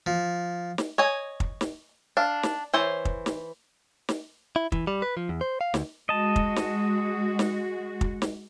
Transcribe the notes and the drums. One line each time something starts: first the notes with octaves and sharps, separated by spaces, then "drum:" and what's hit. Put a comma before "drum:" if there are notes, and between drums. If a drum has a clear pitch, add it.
F3
drum: snare
C#5 D#5 G#5
drum: kick
drum: snare
D4 F5
drum: snare
E3 C5 C#5
drum: kick
drum: snare
drum: snare
E4
E3, drum: kick
G3
B4
F3
E2
C5
F5
D2, drum: snare
G#3 F#4 D#5 A5
drum: kick
drum: snare
drum: snare
drum: kick
drum: snare